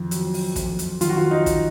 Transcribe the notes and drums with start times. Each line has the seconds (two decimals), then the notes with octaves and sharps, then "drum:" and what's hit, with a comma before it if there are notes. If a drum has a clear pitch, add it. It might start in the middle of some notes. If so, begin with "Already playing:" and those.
Already playing: F2 D#3 F4
0.11 F#3, drum: hi-hat
0.34 drum: open hi-hat
0.56 F2, drum: kick, hi-hat
0.79 drum: hi-hat
1.01 D#3 F4, drum: hi-hat
1.09 F#4
1.17 F4
1.31 D#4
1.46 drum: kick, hi-hat